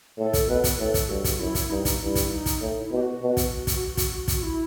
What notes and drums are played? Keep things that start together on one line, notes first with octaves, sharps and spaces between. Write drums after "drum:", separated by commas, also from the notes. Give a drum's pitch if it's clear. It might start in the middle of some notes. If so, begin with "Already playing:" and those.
A2 A4
drum: kick, hi-hat
B2 B4
drum: kick, hi-hat
A2 A4
drum: kick, hi-hat
G2 F#4
drum: kick, hi-hat
F#2 E4
drum: kick, hi-hat
G2 D#4
drum: kick, hi-hat
G2 E4
drum: kick, hi-hat
D#4
drum: kick, hi-hat
A2
E4
B2
G4
F#4
B2
drum: kick, hi-hat
drum: kick, hi-hat
drum: kick, hi-hat
drum: kick, hi-hat
E4